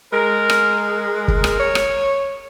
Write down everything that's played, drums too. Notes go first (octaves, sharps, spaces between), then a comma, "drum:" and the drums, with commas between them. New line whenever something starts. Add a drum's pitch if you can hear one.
G#3 A#4
drum: rim click
A#4
drum: kick
drum: rim click
C#5
drum: rim click